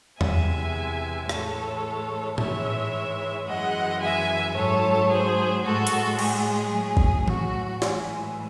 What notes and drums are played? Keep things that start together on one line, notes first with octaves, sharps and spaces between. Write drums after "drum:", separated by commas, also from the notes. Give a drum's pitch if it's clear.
E2 C3 E3 G#3 E5 G#5, drum: tom
A2 E3 G#3 A4 C#5, drum: rim click
G#2 E3 G#3 C#5 E5, drum: tom A2
F#2 E3 G#3 D#5 F#5
E5 G#5
G#2 F#3 A4 C#5
G#4 C5
A2 G#3 F#4 A4
drum: hi-hat
G#4, drum: cymbal
A2 F#3
drum: kick G#1
F#4, drum: tom E3
A2 E3 G#3 G#4, drum: snare